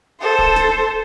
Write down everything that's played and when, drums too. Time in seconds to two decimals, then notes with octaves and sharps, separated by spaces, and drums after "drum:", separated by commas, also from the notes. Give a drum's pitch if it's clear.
0.21 A4 C5
0.39 drum: kick
0.56 drum: snare